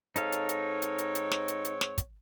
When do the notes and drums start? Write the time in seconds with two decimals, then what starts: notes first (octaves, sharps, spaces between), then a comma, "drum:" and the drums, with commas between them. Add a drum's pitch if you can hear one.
0.16 G#2 C4 D#4 A4 C#5 F5, drum: hi-hat
0.32 drum: hi-hat
0.49 drum: hi-hat
0.82 drum: hi-hat
0.98 drum: hi-hat
1.15 drum: hi-hat
1.32 drum: snare
1.48 drum: hi-hat
1.65 drum: hi-hat
1.81 drum: snare
1.98 drum: kick, hi-hat